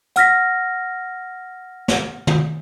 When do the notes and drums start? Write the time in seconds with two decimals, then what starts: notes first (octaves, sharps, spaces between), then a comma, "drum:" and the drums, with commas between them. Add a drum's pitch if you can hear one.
0.16 F#5 F6 A#6 B6, drum: hi-hat
1.88 drum: snare
2.27 drum: tom